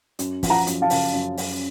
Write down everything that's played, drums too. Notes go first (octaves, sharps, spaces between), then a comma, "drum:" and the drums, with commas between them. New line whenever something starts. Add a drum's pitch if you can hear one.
F#2, drum: hi-hat
F3, drum: kick, open hi-hat
F#5 A#5
F#2, drum: hi-hat
F5 A5
C#3, drum: open hi-hat
F#2
F#2, drum: open hi-hat